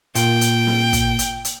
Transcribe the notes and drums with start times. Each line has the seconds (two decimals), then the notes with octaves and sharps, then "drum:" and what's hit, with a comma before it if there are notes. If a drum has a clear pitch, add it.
0.15 A#2 F4 G5, drum: hi-hat
0.41 drum: hi-hat
0.67 drum: snare
0.93 drum: kick, hi-hat
1.19 drum: hi-hat
1.45 drum: hi-hat